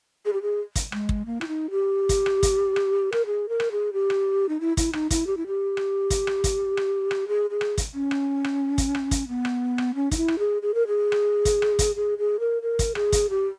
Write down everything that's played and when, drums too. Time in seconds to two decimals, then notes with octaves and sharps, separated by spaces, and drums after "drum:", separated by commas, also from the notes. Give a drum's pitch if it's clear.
0.25 G#4
0.33 G4
0.42 G#4
0.76 drum: kick, hi-hat
0.92 G#3, drum: rim click
1.09 drum: kick
1.26 A#3
1.41 E4, drum: rim click
1.48 D#4
1.71 G4
2.09 drum: kick, hi-hat
2.26 drum: rim click
2.43 drum: kick, hi-hat
2.76 drum: rim click
3.12 A#4, drum: rim click
3.26 G#4
3.49 A#4
3.60 drum: rim click
3.71 G#4
3.93 G4
4.10 drum: rim click
4.49 D#4
4.61 E4
4.77 E4, drum: kick, hi-hat
4.93 D#4, drum: rim click
5.11 E4, drum: kick, hi-hat
5.27 G4
5.37 E4
5.47 G4
5.77 drum: rim click
6.10 drum: kick, hi-hat
6.27 drum: rim click
6.44 drum: kick, hi-hat
6.77 drum: rim click
7.11 drum: rim click
7.28 G#4
7.50 G#4
7.61 drum: rim click
7.78 drum: kick, hi-hat
7.94 C#4
8.11 drum: rim click
8.44 drum: rim click
8.78 drum: kick, hi-hat
8.95 drum: rim click
9.11 drum: kick, hi-hat
9.28 B3
9.45 drum: rim click
9.78 drum: rim click
9.95 C#4
10.11 D#4, drum: kick, hi-hat
10.17 E4
10.28 drum: rim click
10.39 G#4
10.62 G#4
10.74 A#4
10.87 G#4
11.12 drum: rim click
11.45 drum: kick, hi-hat
11.62 drum: rim click
11.79 drum: kick, hi-hat
11.96 G#4
12.18 G#4
12.40 A#4
12.62 A#4
12.79 drum: kick, hi-hat
12.95 G#4, drum: rim click
13.12 drum: kick, hi-hat
13.30 G4